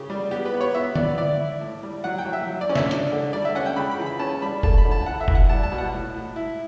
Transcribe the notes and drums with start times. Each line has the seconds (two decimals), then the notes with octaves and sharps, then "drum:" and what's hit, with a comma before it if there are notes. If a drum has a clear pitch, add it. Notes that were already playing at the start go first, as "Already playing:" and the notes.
Already playing: C#3 G4
0.10 G3
0.31 B3 G4
0.45 B4
0.54 B3
0.61 C#5
0.74 B3 E5
0.96 B3 D5, drum: tom D3
1.17 E4 D5
1.40 E4
1.61 A2
1.83 G3
2.04 F#3 F#5
2.18 G5
2.25 F#3
2.33 E5
2.47 F#3
2.61 D5
2.69 C#4
2.75 E5, drum: snare
2.91 D4, drum: hi-hat
3.12 D3
3.33 G3 D5
3.45 E5
3.55 C#4 F#5
3.66 G5
3.76 C#3 B5
3.91 B5
3.98 E3
4.06 B5
4.19 C#4 A5
4.42 G3 B5
4.63 A3 A5, drum: kick F1
4.78 B5
4.85 D3
4.92 A5
5.06 E3 F#5
5.21 E5
5.28 E4, drum: kick F1
5.35 F#5
5.49 G3 A5
5.63 A5
5.72 B2
5.78 F#5
5.93 A2
6.14 A2
6.36 E4